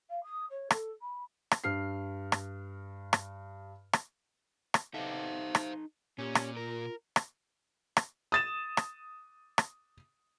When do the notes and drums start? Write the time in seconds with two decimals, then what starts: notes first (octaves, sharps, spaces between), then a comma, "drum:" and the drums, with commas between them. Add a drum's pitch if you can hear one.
0.09 F5
0.23 D#6
0.50 C#5
0.71 A4, drum: rim click
1.01 B5
1.51 drum: rim click
1.64 G2 F6 C7
2.32 drum: rim click
3.13 drum: rim click
3.93 drum: rim click
4.74 drum: rim click
4.94 D#4 A4 C5 E5 F5
5.55 drum: rim click
6.19 A#2 C#4 G4
6.35 drum: rim click
6.57 F4 A#4
7.16 drum: rim click
7.97 drum: rim click
8.32 D#6 A6 E7
8.77 drum: rim click
9.58 drum: rim click